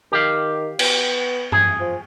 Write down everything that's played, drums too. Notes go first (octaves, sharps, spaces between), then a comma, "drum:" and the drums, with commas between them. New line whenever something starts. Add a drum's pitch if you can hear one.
D#3 G4 F5
B3, drum: cymbal
G#4, drum: tom G2
F3